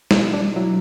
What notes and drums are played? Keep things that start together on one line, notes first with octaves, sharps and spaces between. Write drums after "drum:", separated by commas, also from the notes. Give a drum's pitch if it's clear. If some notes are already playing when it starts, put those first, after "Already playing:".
B2 E4, drum: snare
D4
F#3 E4